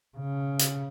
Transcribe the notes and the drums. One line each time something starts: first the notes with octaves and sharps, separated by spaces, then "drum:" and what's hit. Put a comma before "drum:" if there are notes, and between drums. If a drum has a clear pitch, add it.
C#3
drum: hi-hat